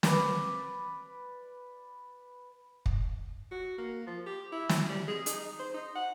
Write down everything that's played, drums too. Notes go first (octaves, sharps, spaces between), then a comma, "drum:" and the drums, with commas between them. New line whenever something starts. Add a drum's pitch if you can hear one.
B4 D5, drum: snare
drum: kick
F#4
A#3
F3
G4
E4
drum: snare
G3
G#4
D#4, drum: hi-hat
C5
D#4
F#5